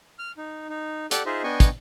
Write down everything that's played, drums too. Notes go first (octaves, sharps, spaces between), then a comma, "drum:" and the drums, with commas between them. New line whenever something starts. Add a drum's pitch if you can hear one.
F6
D#4
D#4
G4 A4 D5 F#5 F#6, drum: hi-hat
D#4 F4 G#4 C5 D#5 E5
B3 D4 D#5 G5 G#5 C#6
drum: kick, hi-hat